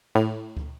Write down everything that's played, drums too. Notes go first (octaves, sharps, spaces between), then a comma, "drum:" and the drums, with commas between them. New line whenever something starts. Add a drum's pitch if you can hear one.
A2, drum: cymbal
drum: kick